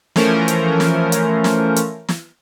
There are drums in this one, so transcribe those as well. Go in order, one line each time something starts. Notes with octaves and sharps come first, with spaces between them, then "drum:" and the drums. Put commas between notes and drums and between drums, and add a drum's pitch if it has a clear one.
E3 F3 A3 C#4 A#4 C5, drum: snare
drum: hi-hat
drum: snare
drum: hi-hat
drum: snare
drum: hi-hat
drum: snare